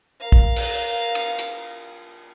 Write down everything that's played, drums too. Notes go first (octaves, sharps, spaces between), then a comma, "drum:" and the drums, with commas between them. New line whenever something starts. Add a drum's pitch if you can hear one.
A#4 F5
drum: kick A#1
drum: cymbal
drum: cymbal
drum: hi-hat